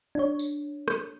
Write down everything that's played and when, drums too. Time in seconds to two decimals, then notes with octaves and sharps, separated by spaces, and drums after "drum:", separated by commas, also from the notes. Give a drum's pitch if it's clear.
0.15 D4 C#5
0.39 drum: tambourine
0.88 drum: rim click